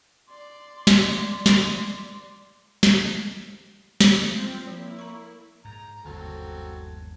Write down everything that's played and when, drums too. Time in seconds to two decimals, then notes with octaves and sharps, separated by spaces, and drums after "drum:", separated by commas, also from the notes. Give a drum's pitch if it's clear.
0.28 D5 C6
0.87 drum: snare
1.46 drum: snare
2.83 drum: snare
4.01 drum: snare
4.36 C4 F4
4.67 F3 A#3 E4
4.99 A#5 C#6
5.65 G#2 A#5
6.05 G1 D#2 D3 F#3 C4 A4